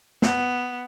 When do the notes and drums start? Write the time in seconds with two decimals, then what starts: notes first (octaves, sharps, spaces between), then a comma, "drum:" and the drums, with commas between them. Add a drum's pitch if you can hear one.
0.22 B3, drum: snare